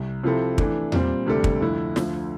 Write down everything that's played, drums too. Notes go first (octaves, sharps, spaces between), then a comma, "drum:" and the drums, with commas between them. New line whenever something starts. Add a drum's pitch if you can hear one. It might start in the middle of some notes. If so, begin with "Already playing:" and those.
Already playing: C2
C3 F3 C4 E4 A4
E3 A3 D4, drum: kick
A#2 G3 C4, drum: tom E2
D2 C3 G3 D4 A4
drum: kick
F2 D3 A3 E4
D2 D3 F3, drum: snare